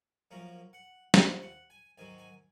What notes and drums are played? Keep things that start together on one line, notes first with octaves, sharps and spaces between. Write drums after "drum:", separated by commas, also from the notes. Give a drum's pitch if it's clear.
F#2 F3 A#3 C#4 A#5
F#5
D#2 C#3 F3 C4 F5, drum: snare
F#5
F5
F#5
G#5
G#2 D#3 F#3 G#5
G#5